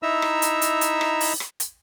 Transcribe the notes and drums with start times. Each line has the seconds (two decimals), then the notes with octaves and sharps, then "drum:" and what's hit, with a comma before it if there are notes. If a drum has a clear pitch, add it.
0.03 D#4 E4 E5 A#5 E6
0.22 drum: rim click
0.42 drum: hi-hat
0.62 drum: hi-hat
0.81 drum: hi-hat
1.01 drum: rim click
1.21 drum: open hi-hat
1.40 drum: rim click
1.60 drum: hi-hat